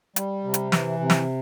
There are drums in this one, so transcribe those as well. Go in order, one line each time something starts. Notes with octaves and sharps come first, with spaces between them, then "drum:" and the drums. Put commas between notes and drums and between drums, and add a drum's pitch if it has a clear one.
G3, drum: hi-hat
C3
drum: hi-hat
E3, drum: snare
C3
drum: snare